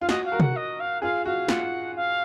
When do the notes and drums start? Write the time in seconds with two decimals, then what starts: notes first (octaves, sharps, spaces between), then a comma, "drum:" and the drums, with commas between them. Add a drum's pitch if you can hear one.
0.01 F4 F5
0.09 F#4 D#5, drum: snare
0.24 F5
0.32 F#4 A#4
0.40 F#5, drum: tom
0.56 D#5
0.79 F5
1.02 F4 G#4 F5
1.25 F#4 F5
1.48 F4 F#5, drum: snare
1.95 F5